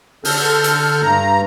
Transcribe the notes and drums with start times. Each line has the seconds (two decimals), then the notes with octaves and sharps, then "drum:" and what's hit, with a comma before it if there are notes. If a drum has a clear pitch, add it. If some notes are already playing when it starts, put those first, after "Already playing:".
0.25 D3 A4 F6 G6, drum: open hi-hat
0.64 drum: hi-hat
1.02 G2 A#5